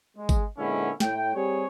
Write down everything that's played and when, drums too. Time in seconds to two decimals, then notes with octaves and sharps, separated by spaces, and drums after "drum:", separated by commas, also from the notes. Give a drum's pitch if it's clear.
0.17 G#3
0.29 drum: kick, tambourine
0.58 A#2 D3 G#3 B3 C#4 E4
1.00 A2 G5, drum: snare
1.35 G3 C4 G4 G#4 C#5